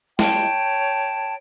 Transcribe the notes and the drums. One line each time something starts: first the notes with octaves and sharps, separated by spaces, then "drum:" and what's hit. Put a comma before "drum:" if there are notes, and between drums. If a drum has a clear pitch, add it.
C#5 G5 A5, drum: snare